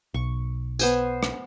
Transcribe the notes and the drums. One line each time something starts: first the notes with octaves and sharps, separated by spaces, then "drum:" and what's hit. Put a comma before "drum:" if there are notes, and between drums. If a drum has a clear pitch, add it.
B1 C#6
B3 C5 G#5, drum: tambourine
drum: rim click